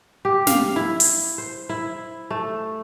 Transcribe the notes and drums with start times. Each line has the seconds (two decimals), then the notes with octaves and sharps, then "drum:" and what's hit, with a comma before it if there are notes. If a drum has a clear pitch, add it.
0.25 G4
0.47 F5, drum: snare
0.76 E4
1.00 drum: open hi-hat
1.38 C5
1.69 E4
2.31 A3